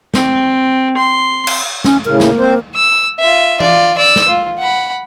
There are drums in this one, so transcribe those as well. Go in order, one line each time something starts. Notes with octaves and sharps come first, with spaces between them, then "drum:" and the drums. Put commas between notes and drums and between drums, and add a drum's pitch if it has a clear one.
C4, drum: snare
C6
drum: cymbal
C#4, drum: snare
A2 C#3 A#4
A#3, drum: snare
C4 C5
E6
F4 E5
F4 D5, drum: tom E3
D5 E6
drum: snare
F4
F#5 B5